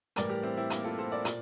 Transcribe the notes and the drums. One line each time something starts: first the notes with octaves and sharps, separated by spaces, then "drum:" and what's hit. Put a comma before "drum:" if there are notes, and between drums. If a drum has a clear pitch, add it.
A2 E3 G3 A#4 D5, drum: hi-hat
G4 A#4
C4 E4
C4 E4
A#3, drum: hi-hat
F4 A4
A4 C5
A#4 D5
A#2, drum: hi-hat